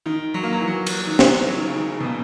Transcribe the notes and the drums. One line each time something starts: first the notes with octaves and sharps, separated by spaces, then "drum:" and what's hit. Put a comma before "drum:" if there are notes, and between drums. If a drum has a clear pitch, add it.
D#3
F#3
A#3
F#3
E3
F#3
drum: cymbal
D#3
E3, drum: snare
F#3
D#3
C#3
D#3
C#3
B2
A#2